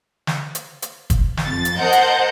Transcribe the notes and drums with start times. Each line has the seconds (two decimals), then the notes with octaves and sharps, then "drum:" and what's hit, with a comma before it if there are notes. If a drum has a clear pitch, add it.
0.27 drum: snare
0.55 drum: hi-hat
0.82 drum: hi-hat
1.10 drum: kick, hi-hat
1.37 drum: snare
1.46 F2 A6
1.65 drum: hi-hat
1.79 A#4 C5 D#5 F#5 A5 G6
1.92 drum: hi-hat